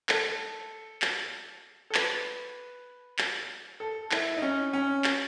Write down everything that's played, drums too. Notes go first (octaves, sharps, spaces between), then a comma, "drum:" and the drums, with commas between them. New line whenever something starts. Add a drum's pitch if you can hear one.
A4, drum: clap
drum: clap
A4
B4, drum: clap
drum: clap
A4
E4, drum: clap
D#4
C#4
C#4
drum: clap